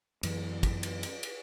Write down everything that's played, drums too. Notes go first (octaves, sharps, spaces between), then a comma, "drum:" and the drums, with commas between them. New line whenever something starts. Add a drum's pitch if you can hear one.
F#2 E3, drum: cymbal
drum: kick, cymbal
drum: cymbal
drum: cymbal
drum: cymbal